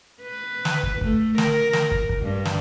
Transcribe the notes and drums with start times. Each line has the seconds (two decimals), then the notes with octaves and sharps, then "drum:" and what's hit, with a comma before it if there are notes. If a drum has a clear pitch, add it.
0.22 B4
0.65 drum: snare
0.83 drum: kick
1.01 A3, drum: kick
1.38 A#4, drum: snare
1.73 drum: snare
1.91 drum: kick
2.09 drum: kick
2.20 G2
2.45 drum: snare